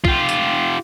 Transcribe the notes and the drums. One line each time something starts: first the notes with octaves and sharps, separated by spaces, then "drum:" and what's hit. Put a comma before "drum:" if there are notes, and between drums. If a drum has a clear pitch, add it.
F4 G4, drum: kick
drum: tambourine